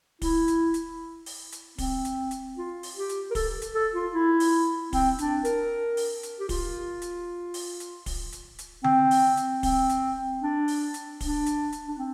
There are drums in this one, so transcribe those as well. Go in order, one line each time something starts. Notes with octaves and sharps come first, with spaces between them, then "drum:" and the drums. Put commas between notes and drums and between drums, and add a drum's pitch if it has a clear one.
E4, drum: kick, open hi-hat
drum: hi-hat
drum: hi-hat
drum: open hi-hat
drum: hi-hat
C4, drum: kick, open hi-hat
drum: hi-hat
drum: hi-hat
F4
drum: open hi-hat
G4
drum: hi-hat
A#4
A4, drum: kick, open hi-hat
drum: hi-hat
A4
F4
E4
drum: open hi-hat
C4, drum: kick, open hi-hat
D4, drum: hi-hat
A#4, drum: hi-hat
drum: open hi-hat
drum: hi-hat
G4
F4, drum: kick, open hi-hat
drum: hi-hat
drum: open hi-hat
drum: hi-hat
drum: kick, open hi-hat
drum: hi-hat
drum: hi-hat
C4, drum: tom D3
drum: open hi-hat
drum: hi-hat
C4, drum: kick, open hi-hat
drum: hi-hat
D4
drum: open hi-hat
drum: hi-hat
D4, drum: kick, open hi-hat
drum: hi-hat
drum: hi-hat
D4
C4